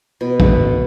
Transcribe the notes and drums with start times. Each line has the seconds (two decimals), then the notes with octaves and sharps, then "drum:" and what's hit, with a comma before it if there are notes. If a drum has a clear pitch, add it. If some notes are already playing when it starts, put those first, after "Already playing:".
0.21 B2
0.40 drum: kick